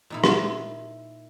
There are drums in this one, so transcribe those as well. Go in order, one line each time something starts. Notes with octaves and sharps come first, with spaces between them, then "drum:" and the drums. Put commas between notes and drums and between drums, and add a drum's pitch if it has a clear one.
A#2 D#4 E4
drum: rim click